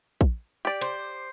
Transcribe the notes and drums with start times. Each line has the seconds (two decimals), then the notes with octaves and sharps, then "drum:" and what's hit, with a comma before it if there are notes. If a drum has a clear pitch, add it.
0.21 drum: kick A#1
0.65 G4 D5
0.81 C5